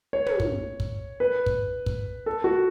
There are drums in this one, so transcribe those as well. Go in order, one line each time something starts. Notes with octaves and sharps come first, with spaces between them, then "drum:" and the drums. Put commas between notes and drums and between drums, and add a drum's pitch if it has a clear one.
C#5
drum: tom
drum: kick
drum: kick
B4
drum: kick
drum: kick
A4
F#4